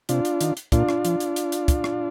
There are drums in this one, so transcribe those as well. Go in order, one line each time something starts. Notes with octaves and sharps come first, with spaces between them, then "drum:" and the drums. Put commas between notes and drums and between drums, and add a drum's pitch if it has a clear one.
C3 D4 F4, drum: hi-hat
drum: hi-hat
D#3, drum: hi-hat
drum: hi-hat
A#2 D4 F4, drum: kick, hi-hat
drum: rim click
F3, drum: hi-hat
drum: hi-hat
drum: hi-hat
drum: hi-hat
drum: kick, hi-hat
drum: rim click